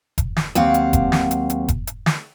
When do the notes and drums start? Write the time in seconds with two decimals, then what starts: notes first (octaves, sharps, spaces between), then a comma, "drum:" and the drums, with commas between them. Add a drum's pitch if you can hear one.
0.18 drum: kick F1, hi-hat
0.36 drum: snare
0.55 D#2 F#3 C4 F5 F#5, drum: hi-hat
0.74 drum: hi-hat
0.93 drum: kick F1, hi-hat
1.12 drum: snare
1.31 drum: hi-hat
1.50 drum: hi-hat
1.68 drum: kick F1, hi-hat
1.87 drum: hi-hat
2.06 drum: snare